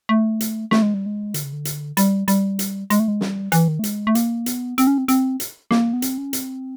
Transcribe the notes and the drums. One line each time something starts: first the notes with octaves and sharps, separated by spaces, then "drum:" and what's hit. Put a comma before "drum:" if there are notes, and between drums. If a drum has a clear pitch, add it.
A3
drum: hi-hat
A3, drum: snare
G#3
G3
G#3
D3, drum: hi-hat
C#3
D3
drum: hi-hat
G3, drum: hi-hat
G3, drum: hi-hat
drum: hi-hat
G#3, drum: hi-hat
A3
G#3
G3, drum: snare
E3, drum: hi-hat
D#3
A3
G#3, drum: hi-hat
A3
A#3, drum: hi-hat
B3, drum: hi-hat
C4, drum: hi-hat
C#4
C4
C4, drum: hi-hat
drum: hi-hat
A#3, drum: snare
B3
C4, drum: hi-hat
C#4
C4, drum: hi-hat